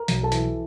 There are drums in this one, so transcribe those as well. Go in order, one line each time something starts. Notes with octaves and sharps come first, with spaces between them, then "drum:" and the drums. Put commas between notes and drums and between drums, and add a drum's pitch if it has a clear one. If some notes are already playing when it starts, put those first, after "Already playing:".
Already playing: A#4 A#5
B1, drum: hi-hat
A4 A5
E3, drum: hi-hat